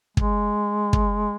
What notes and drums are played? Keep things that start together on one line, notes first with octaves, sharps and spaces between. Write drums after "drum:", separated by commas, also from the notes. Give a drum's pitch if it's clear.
G#3, drum: kick
drum: kick